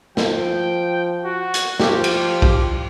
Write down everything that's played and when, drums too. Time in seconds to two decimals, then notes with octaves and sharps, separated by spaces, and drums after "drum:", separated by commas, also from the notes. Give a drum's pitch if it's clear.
0.17 F3 G5, drum: snare
1.25 F#4
1.54 drum: hi-hat
1.80 F3 F4 G4, drum: snare
2.04 drum: cymbal
2.42 drum: kick